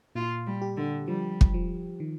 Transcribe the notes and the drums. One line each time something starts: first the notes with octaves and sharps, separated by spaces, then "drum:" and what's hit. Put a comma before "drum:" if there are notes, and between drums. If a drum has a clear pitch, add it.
A#2 F4
G3
G4
D3
F3 G3
drum: kick
F3
D#3